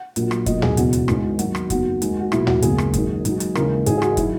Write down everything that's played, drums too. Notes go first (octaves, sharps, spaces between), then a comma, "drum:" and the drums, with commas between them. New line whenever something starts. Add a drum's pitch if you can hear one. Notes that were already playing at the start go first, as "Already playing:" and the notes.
Already playing: F#5
A#1 A#2 F#3, drum: hi-hat
drum: rim click
B1 A#2 F#3 D#5, drum: kick, hi-hat
G#4, drum: tom
E1 E2 C#3 E3 F#4, drum: hi-hat
drum: hi-hat
G#1 G#2 E3 G#3, drum: rim click
D#2 D#3 F#3 F#4, drum: hi-hat
drum: rim click
F#1 E2 D#3 F#4, drum: kick, hi-hat
D#2 D#3 G#3, drum: hi-hat
F#4
B1 A#2 F#3 E4, drum: rim click
F#4, drum: tom
F#1 E2 C#3 G#3 G#4, drum: hi-hat
drum: rim click
G#1 F#2 D#3, drum: kick, hi-hat
G#1 G#2 F#3, drum: hi-hat
drum: hi-hat
D#2 C#3 E3 G#3 A#4, drum: rim click
G#1 G#2 E3 G#4, drum: hi-hat
G#4
F#4, drum: rim click
D#3 F#3 E4, drum: kick, hi-hat